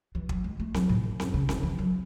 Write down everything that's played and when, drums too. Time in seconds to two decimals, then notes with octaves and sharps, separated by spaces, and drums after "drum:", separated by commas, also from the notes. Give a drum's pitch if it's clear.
0.15 E3
0.29 F#3, drum: kick
0.44 G#3
0.60 A3
0.74 F#3, drum: snare C4
0.89 A2
1.04 G#2
1.20 F#2, drum: snare C4
1.34 C#3
1.49 D3, drum: snare C4
1.63 E3
1.79 F#3